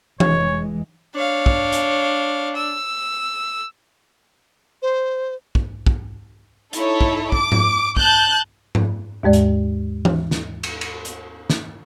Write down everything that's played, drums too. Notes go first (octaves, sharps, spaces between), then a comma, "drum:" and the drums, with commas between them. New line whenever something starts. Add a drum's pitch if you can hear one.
F1 E3 G#3 C#5, drum: tom E3
D4 C#5 F5
drum: kick
drum: hi-hat
E6
C5
drum: kick
drum: kick
D#4 E4 A4 C#5, drum: hi-hat
drum: kick
D6, drum: kick
drum: tom G#2
A5 F#6 G6, drum: kick
drum: tom G#2
D#2 G#2 G#3 D5
drum: hi-hat
drum: tom E3
drum: snare
drum: cymbal
drum: cymbal
drum: hi-hat
drum: snare